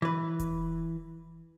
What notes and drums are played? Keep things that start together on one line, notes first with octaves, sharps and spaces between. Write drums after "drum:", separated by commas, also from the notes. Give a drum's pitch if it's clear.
E3 B4
drum: kick E1, hi-hat